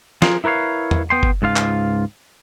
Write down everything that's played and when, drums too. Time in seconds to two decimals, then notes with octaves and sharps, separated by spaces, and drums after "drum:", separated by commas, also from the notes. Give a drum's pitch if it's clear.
0.22 F3 F4 G#4 A#4, drum: snare
0.44 E4 A#4 B4 C#5 F5
0.91 drum: tom E2
1.10 B3 G5 C6
1.23 drum: kick F#1
1.42 C#2 G#2 F4 F5
1.56 drum: clap